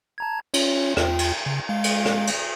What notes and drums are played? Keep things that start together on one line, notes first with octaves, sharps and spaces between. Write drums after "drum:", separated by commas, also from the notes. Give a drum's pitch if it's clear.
A5 A#5 G#6
C#4 F4 C#5, drum: cymbal
E2 F4 G5, drum: rim click
drum: cymbal
C#3
G#3 F5
drum: cymbal
drum: rim click
drum: cymbal